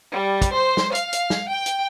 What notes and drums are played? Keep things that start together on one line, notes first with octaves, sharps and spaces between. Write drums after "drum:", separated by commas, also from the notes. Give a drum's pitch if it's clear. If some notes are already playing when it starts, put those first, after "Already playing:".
G3
drum: kick, hi-hat
C5
drum: snare
F5, drum: hi-hat
drum: hi-hat
drum: snare
G5
drum: hi-hat